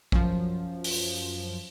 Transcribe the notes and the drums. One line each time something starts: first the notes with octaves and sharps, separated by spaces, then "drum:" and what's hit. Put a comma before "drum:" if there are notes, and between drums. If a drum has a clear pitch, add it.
F#2 F3, drum: kick
drum: open hi-hat